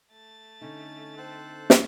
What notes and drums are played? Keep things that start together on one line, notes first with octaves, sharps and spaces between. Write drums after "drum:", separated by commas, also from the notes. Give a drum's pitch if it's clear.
A3 A6
D3 C#4 D#4
C4 A4 C5 F#6
drum: snare